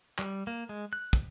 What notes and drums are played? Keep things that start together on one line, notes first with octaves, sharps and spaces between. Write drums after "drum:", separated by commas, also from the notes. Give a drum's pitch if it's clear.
G3, drum: clap
A#3
G#3
F#6
drum: kick, hi-hat